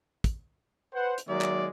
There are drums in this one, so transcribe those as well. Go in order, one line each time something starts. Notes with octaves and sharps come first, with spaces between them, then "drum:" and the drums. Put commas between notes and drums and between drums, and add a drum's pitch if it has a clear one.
drum: kick, hi-hat
B4 C5 F#5
drum: hi-hat
D#3 F#3 G#3 A#3 D5 E5
drum: clap